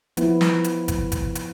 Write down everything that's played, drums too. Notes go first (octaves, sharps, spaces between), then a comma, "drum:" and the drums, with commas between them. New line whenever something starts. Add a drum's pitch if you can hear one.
F3 B3 E4, drum: hi-hat
drum: snare
drum: hi-hat
drum: kick G#1, hi-hat
drum: kick G#1, hi-hat
drum: hi-hat